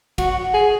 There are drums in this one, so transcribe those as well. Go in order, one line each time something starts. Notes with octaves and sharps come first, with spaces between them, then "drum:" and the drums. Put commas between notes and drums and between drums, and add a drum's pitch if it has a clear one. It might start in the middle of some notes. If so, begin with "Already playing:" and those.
F#4, drum: kick, cymbal
G#4